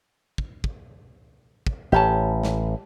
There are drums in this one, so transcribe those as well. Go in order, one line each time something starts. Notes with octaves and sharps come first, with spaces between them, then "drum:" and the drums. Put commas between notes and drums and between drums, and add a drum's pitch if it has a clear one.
drum: kick
drum: kick
drum: kick
A1 A2 G4 C#5 A5
drum: snare